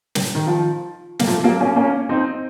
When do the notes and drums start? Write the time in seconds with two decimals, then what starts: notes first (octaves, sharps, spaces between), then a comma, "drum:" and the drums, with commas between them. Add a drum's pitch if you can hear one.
0.15 drum: snare
0.35 D#3
0.46 F3
1.19 A#3, drum: snare
1.27 F3 A3
1.44 F#3 A#3
1.61 A#3 C#4
1.76 A#3 C#4
2.09 C4 D#4